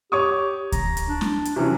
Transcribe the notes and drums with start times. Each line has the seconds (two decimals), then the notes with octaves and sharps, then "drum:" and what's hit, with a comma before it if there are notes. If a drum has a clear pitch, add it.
0.12 G4 C#5 C#6 D#6
0.72 A#5, drum: kick D2, hi-hat
0.97 drum: hi-hat
1.08 D4
1.21 drum: snare
1.45 drum: hi-hat
1.56 C3 E3 F#3 C#4